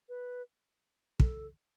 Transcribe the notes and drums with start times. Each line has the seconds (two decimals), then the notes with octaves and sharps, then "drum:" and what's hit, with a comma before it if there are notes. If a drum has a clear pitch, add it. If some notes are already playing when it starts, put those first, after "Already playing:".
0.09 B4
1.20 A4, drum: kick